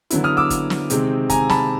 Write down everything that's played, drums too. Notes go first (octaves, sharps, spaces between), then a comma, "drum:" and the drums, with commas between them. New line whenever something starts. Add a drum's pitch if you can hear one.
D3 F#3 B3 E4, drum: hi-hat
D#6 F6
D6 E6
drum: kick, hi-hat
drum: snare
C3 D#3 G#3 C4, drum: hi-hat
G#5 A#5, drum: kick, hi-hat
A5 B5, drum: snare